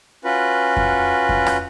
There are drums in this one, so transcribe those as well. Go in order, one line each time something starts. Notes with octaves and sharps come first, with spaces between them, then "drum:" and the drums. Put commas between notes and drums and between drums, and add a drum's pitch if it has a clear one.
C#4 F4 F#4 B4
drum: kick F2
drum: kick F2
drum: rim click